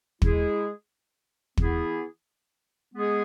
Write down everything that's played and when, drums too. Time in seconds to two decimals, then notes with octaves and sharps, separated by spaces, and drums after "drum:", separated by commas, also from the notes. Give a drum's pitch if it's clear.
0.22 G#3 E4 G#4, drum: kick
1.58 E3 B3 E4 G#4, drum: kick
2.93 G#3 B3 G#4